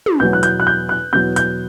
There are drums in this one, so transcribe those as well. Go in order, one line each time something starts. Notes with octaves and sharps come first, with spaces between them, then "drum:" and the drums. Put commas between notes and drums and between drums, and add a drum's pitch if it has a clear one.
drum: tom
E2 B2 F#3 G6
F#6
G6, drum: hi-hat
F#6
G6
F#6
E2 B2 F#3 G6
G6, drum: hi-hat